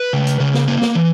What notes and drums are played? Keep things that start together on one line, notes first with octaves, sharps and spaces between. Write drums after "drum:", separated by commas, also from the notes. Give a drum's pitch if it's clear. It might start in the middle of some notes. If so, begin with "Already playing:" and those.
Already playing: B4
C#3
drum: hi-hat
C#3
drum: snare
A#3
drum: snare
E3